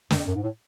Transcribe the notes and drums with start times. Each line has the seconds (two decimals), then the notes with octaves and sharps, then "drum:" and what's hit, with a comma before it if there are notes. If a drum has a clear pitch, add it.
0.10 F#2, drum: snare
0.18 F2
0.27 F#2
0.35 G#2
0.43 A2